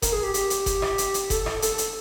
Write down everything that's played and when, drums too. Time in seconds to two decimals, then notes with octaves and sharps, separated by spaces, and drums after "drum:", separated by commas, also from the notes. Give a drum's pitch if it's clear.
0.02 A#4, drum: kick F1, hi-hat
0.13 G#4
0.23 G4
0.34 G4, drum: hi-hat
0.50 drum: hi-hat
0.66 drum: kick F1, hi-hat
0.82 drum: rim click
0.98 drum: hi-hat
1.14 drum: hi-hat
1.30 A4, drum: kick F1, hi-hat
1.46 drum: rim click
1.62 A4, drum: hi-hat
1.78 drum: hi-hat